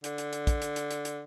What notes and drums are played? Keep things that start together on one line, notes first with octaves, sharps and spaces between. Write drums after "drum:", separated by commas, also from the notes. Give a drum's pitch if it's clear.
D3, drum: hi-hat
drum: hi-hat
drum: hi-hat
drum: kick, hi-hat
drum: hi-hat
drum: hi-hat
drum: hi-hat
drum: hi-hat